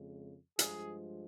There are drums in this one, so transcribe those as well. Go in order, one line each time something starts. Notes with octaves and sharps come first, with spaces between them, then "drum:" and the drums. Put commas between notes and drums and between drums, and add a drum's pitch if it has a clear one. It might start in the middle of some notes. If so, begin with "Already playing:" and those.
Already playing: F2 C#3 G#3
G2 F3 G#3 G#4, drum: hi-hat